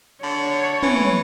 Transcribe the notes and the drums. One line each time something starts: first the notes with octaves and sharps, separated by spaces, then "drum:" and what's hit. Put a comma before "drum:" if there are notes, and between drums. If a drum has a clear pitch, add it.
D3 C#5
E3, drum: tom